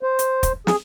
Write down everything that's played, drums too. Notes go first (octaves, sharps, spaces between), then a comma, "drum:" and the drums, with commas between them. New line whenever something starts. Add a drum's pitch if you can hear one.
C5
drum: hi-hat
drum: kick, hi-hat
G#4, drum: snare